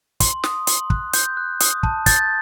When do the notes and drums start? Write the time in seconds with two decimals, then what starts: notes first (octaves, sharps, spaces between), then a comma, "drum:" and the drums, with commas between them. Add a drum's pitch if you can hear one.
0.20 C6, drum: kick, hi-hat
0.44 D#6, drum: snare
0.67 C6, drum: hi-hat
0.90 F#6, drum: kick
1.13 C6 G6, drum: hi-hat
1.37 F#6
1.60 D#6, drum: hi-hat
1.83 A5, drum: kick
2.06 G6 A6, drum: kick, hi-hat